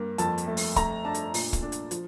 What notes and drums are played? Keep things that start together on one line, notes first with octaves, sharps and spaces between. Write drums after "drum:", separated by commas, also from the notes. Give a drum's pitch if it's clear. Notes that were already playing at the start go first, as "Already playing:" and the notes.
Already playing: G2 A#3
F2 A5, drum: hi-hat
drum: hi-hat
A3
drum: open hi-hat
A3 A#5, drum: kick, hi-hat
D4 A5
drum: hi-hat
A#2, drum: open hi-hat
drum: kick, hi-hat
D4
drum: hi-hat
F3, drum: hi-hat